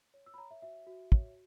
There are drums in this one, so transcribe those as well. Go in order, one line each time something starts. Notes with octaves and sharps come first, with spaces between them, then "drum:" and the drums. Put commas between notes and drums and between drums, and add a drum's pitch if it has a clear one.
C#5
E6
B5
C#5 A#5
E5
F#4 E5
F#4
C#5, drum: kick